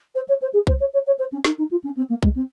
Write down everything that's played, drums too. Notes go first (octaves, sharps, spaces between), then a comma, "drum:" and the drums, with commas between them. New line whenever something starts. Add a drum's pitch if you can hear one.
C5
C#5
C5
G#4
C5, drum: kick C2
C#5
C#5
C#5
C5
C#4
D#4, drum: snare
D#4
F4
C#4
C4
A#3
G#3, drum: kick C2
C4